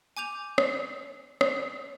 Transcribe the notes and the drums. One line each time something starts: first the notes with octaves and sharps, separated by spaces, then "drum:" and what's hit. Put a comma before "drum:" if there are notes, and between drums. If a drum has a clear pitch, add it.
G#5 D6 G6 F7
drum: rim click
drum: rim click